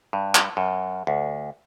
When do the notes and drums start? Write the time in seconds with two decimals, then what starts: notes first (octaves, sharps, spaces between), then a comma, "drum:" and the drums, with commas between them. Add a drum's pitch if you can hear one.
0.13 G2
0.35 drum: clap
0.57 F#2
1.07 D2